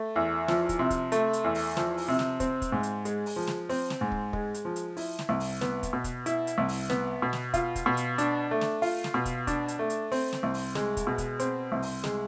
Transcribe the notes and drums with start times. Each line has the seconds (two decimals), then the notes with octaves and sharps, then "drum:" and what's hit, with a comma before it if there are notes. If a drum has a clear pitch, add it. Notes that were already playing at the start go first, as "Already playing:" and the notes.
Already playing: A3
0.16 E2
0.48 F3, drum: snare
0.69 drum: kick, hi-hat
0.79 C3
0.90 drum: kick, hi-hat
1.12 A3, drum: hi-hat
1.33 drum: hi-hat
1.44 E2
1.55 drum: open hi-hat
1.77 F3, drum: snare
1.98 drum: open hi-hat
2.08 C3
2.19 drum: snare
2.40 C4, drum: kick, hi-hat
2.62 drum: kick, hi-hat
2.72 G#2
2.83 drum: hi-hat
3.05 G#3, drum: hi-hat
3.26 drum: open hi-hat
3.36 F3
3.47 drum: snare
3.69 C4, drum: open hi-hat
3.90 drum: snare
4.01 G#2
4.12 drum: kick
4.33 G#3, drum: kick
4.54 drum: hi-hat
4.65 F3
4.76 drum: hi-hat
4.97 E4, drum: open hi-hat
5.19 drum: snare
5.29 C2
5.40 drum: open hi-hat
5.61 B3, drum: snare
5.83 drum: kick, hi-hat
5.93 B2
6.04 drum: kick, hi-hat
6.26 E4, drum: hi-hat
6.47 drum: hi-hat
6.58 C2
6.69 drum: open hi-hat
6.90 B3, drum: snare
7.22 B2
7.33 drum: snare
7.54 F4, drum: kick, hi-hat
7.76 drum: kick, hi-hat
7.86 B2
7.97 drum: hi-hat
8.18 D4, drum: hi-hat
8.51 A3
8.61 drum: snare
8.82 F4, drum: open hi-hat
9.04 drum: snare
9.14 B2
9.25 drum: kick, hi-hat
9.47 D4, drum: kick, hi-hat
9.68 drum: hi-hat
9.79 A3
9.90 drum: hi-hat
10.12 C4, drum: open hi-hat
10.33 drum: snare
10.43 C2
10.54 drum: open hi-hat
10.75 G#3, drum: snare
10.97 drum: kick, hi-hat
11.07 B2
11.18 drum: kick, hi-hat
11.40 C4, drum: hi-hat
11.72 C2
11.82 drum: open hi-hat
12.04 G#3, drum: snare